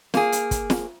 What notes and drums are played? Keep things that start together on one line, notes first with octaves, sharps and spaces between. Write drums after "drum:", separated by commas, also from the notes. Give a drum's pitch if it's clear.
A#3 G#4, drum: snare
drum: hi-hat
drum: kick, hi-hat
drum: snare